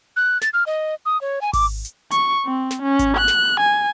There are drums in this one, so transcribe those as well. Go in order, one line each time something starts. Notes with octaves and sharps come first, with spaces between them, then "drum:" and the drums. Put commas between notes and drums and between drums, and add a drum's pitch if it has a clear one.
F#6
A6, drum: snare
F6
D#5
D#6
C#5
G#5
D6, drum: kick G#1, open hi-hat
drum: hi-hat
C#6, drum: hi-hat
C4
drum: snare
C#4
drum: kick G#1, hi-hat
F#6
drum: snare
G#5